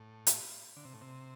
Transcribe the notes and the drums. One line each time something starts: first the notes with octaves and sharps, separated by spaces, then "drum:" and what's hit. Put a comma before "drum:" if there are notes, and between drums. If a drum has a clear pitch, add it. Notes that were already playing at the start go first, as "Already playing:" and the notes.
Already playing: A2
drum: hi-hat
D3
C3
A2
C3